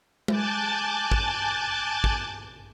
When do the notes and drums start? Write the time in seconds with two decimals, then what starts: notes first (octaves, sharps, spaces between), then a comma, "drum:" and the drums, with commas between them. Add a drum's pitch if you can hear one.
0.28 G#5 A5 D6 F#6 G6 A6, drum: tom G#3
1.12 drum: kick
2.04 drum: kick